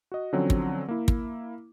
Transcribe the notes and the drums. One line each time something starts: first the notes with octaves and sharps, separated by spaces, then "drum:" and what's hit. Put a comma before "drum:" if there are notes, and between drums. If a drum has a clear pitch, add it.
F#4 D#5
D3 F3 F#3 C4 C#4
drum: kick
A#3 E4
drum: kick